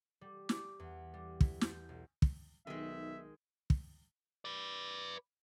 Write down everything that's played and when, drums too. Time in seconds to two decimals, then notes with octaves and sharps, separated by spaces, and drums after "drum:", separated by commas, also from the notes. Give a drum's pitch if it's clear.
0.21 G3
0.49 D6, drum: snare
0.79 E2
1.14 G3
1.41 E4, drum: kick
1.61 G6, drum: snare
1.89 B1
2.22 drum: kick
2.67 B1 D#3 G#3 E5
3.70 drum: kick
4.45 B4 D5